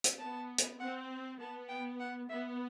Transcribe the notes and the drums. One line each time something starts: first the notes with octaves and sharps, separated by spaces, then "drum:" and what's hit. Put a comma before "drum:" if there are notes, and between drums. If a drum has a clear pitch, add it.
drum: hi-hat
B3 A5
drum: hi-hat
C4 F#5
B3 A5
G5
F#5
B3 E5